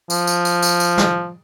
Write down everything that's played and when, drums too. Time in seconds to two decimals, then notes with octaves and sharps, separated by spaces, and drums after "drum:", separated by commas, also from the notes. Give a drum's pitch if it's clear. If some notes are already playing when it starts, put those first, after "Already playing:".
0.10 F3, drum: tambourine
0.27 drum: tambourine
0.45 drum: tambourine
0.62 drum: tambourine
0.80 drum: tambourine
0.98 drum: snare